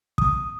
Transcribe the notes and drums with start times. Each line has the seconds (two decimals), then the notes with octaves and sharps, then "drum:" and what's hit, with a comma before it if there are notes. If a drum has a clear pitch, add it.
0.18 D#6, drum: kick